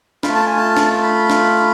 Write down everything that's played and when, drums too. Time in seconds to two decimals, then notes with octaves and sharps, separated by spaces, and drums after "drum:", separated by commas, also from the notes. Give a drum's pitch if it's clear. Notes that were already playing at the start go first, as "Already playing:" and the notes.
0.23 A3 F4 B5, drum: snare
0.35 A5
0.46 G#5
0.57 A5
0.77 drum: snare
1.03 B5
1.30 drum: snare